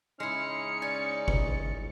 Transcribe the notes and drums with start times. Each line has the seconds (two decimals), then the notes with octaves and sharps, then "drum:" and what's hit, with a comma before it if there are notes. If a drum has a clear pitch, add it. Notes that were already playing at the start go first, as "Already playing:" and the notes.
0.20 C#3 G#3 C#4 D#4 E4 F6 C#7
0.82 D5 G#5
1.28 drum: kick F#1